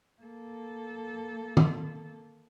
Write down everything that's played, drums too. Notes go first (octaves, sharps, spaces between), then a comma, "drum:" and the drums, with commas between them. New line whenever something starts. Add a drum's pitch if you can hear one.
A#3 A4
drum: tom